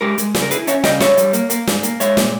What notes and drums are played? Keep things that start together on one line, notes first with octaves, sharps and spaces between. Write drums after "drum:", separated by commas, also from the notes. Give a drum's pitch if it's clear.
G#3 G4 A#4
G#3, drum: hi-hat
C#3, drum: snare
A#4
E4 G#4 B4, drum: hi-hat
C#4 C#5 E5, drum: hi-hat
C#3 D#5 G5, drum: snare
G#2 C#5 E5, drum: snare
G3, drum: hi-hat
A#3, drum: hi-hat
A#3, drum: hi-hat
G#2, drum: snare
A#3, drum: hi-hat
G#3 C#5 E5, drum: hi-hat
A#2, drum: snare